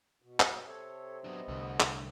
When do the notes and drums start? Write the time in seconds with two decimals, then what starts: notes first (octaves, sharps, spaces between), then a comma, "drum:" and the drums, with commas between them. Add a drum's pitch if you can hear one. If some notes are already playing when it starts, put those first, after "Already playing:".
0.22 B2
0.40 drum: clap
0.66 C3 A4 C#5
1.24 F#3 B3 D4 D#5
1.48 C2 D3 A3
1.80 drum: clap